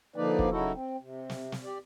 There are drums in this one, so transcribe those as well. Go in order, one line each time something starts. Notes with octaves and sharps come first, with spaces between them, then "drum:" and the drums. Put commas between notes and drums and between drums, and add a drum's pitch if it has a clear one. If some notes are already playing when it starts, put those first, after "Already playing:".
D3 F3 A#3 D#4 B4 D5
drum: kick
C#3 F#3 D#4 E4 F#4 A4
C4
C3
drum: snare
drum: snare
G4 D5